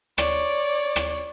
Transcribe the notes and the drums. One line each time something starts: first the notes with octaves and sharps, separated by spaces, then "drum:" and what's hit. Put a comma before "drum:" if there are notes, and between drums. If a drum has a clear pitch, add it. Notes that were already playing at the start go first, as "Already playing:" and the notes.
C#5 D5, drum: rim click
drum: rim click